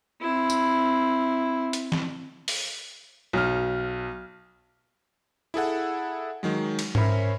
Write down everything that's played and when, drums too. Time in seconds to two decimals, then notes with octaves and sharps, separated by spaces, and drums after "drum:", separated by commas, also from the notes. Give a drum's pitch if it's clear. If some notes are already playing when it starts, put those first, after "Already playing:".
0.21 C4 E4
0.50 drum: tambourine
1.73 drum: hi-hat
1.92 drum: snare
2.48 drum: open hi-hat
3.33 B1 F6
5.54 E4 G#4 A4 F#5
6.43 D#3 F#3 G#3
6.79 drum: cymbal
6.95 C#4 A#4 C5 C#5 E5 B5, drum: tom G#2